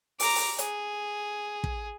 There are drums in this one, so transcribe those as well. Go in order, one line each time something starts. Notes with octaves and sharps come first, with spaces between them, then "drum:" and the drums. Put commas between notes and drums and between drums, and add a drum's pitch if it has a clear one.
A#5 D6, drum: open hi-hat
drum: open hi-hat
G#4, drum: hi-hat
drum: kick